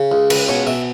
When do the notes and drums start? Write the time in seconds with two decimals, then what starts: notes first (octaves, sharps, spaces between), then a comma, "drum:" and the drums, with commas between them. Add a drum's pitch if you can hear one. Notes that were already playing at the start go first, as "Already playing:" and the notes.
Already playing: C#3
0.12 C#2
0.30 C#2 B4, drum: cymbal
0.48 B2 C#5
0.67 B2 E5